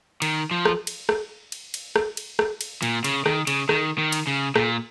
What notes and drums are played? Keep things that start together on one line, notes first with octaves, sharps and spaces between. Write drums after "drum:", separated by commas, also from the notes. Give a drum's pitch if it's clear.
D#3, drum: cymbal
F3
drum: rim click
drum: cymbal
drum: rim click
drum: cymbal
drum: cymbal
drum: rim click
drum: cymbal
drum: rim click
drum: cymbal
A#2, drum: cymbal
C#3, drum: cymbal
D#3, drum: rim click
C#3, drum: cymbal
D#3, drum: rim click
D#3
drum: cymbal
C#3
A#2, drum: rim click